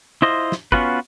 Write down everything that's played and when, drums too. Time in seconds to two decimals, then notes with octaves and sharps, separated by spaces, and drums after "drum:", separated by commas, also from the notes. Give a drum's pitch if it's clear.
0.22 E4 F4 C5 D#5
0.52 drum: snare
0.72 B3 C#4 F4 F#4 B4, drum: kick